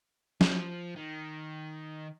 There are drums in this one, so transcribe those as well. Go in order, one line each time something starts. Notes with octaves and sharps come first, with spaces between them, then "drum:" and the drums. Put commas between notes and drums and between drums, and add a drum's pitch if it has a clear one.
F3, drum: snare
D#3